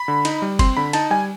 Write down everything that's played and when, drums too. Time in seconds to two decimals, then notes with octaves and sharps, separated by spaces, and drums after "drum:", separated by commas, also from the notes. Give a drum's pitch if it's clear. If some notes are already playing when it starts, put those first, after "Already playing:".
Already playing: B5
0.08 D3
0.25 D#4, drum: cymbal
0.42 G3
0.59 C4 C6, drum: kick F#1, cymbal
0.77 D3 B5
0.93 D#4 A5, drum: cymbal
1.11 G3 G#5